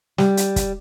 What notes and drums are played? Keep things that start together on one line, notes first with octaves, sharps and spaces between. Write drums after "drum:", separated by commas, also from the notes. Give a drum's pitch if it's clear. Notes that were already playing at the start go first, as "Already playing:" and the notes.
G3, drum: snare
drum: hi-hat
drum: kick, hi-hat